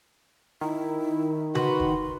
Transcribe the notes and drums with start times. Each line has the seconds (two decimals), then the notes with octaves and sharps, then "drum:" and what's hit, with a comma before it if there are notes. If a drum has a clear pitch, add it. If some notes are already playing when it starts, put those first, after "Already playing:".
0.61 D#3 E4
1.55 F#4 B4 C6, drum: tom C#3
1.80 drum: kick E1